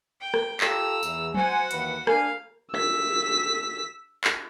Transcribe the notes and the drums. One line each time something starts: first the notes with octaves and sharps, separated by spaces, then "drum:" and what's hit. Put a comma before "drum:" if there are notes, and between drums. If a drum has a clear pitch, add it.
G5
drum: rim click
F4 G4 A4 A#5 E6, drum: clap
E2, drum: tambourine
F#4 C5 F#5 G#5, drum: tom F#3
D#2 E3 B4, drum: hi-hat
D4 A#4 F5 G#5, drum: rim click
E6 B6
drum: clap